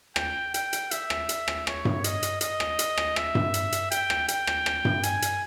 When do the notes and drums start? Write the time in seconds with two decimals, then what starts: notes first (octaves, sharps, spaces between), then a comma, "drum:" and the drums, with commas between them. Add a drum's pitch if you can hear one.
0.16 G5, drum: rim click
0.54 G5, drum: hi-hat
0.73 drum: hi-hat
0.91 E5, drum: hi-hat
1.10 drum: rim click
1.29 drum: hi-hat
1.48 drum: rim click
1.67 C#5, drum: rim click
1.85 drum: tom G2
2.04 D#5, drum: hi-hat
2.23 drum: hi-hat
2.41 D#5, drum: hi-hat
2.60 drum: rim click
2.79 drum: hi-hat
2.97 drum: rim click
3.16 E5, drum: rim click
3.35 drum: tom G2
3.54 drum: hi-hat
3.72 drum: hi-hat
3.91 G5, drum: hi-hat
4.10 drum: rim click
4.28 G5, drum: hi-hat
4.47 drum: rim click
4.66 drum: rim click
4.85 drum: tom G2
5.03 G#5, drum: hi-hat
5.22 drum: hi-hat